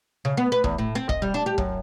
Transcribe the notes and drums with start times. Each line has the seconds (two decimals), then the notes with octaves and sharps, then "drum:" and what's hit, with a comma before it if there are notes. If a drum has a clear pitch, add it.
0.25 C#3
0.37 B3
0.52 B4
0.64 E2, drum: kick
0.78 A2
0.95 C4
1.09 D#5, drum: kick
1.22 G3
1.34 D4
1.46 G4
1.58 F#2, drum: kick